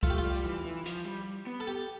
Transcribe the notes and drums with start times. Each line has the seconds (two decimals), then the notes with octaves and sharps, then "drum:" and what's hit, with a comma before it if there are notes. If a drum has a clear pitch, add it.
0.03 A3 F4, drum: kick
0.10 G4
0.18 F4
0.24 G3
0.44 E3
0.65 E3
0.86 F3, drum: hi-hat
1.06 G3
1.47 B3
1.60 A4
1.67 G4